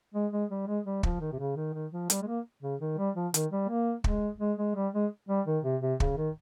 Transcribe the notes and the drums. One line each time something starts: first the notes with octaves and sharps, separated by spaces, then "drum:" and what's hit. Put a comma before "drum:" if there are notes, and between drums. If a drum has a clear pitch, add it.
G#3
G#3
G3
G#3
G3
F3, drum: kick
D#3
C3
C#3
D#3
D#3
F3
G3, drum: hi-hat
G#3
A#3
C#3
D#3
G3
F3
D#3, drum: hi-hat
G3
A#3
G#3, drum: kick
G#3
G#3
G3
G#3
G3
D#3
C3
C3
C#3, drum: kick
D#3